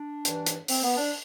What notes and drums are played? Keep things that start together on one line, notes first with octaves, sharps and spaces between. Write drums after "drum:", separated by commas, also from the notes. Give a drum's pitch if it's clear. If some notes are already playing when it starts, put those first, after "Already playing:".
Already playing: D4
G2 E3, drum: hi-hat
drum: hi-hat
C4, drum: open hi-hat
B3
D4